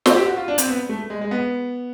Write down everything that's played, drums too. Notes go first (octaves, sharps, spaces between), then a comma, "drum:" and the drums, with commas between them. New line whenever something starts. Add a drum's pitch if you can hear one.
C5, drum: snare
G4
F#4
F4
D4
C4, drum: hi-hat
B3
A3
G#3
G#3
B3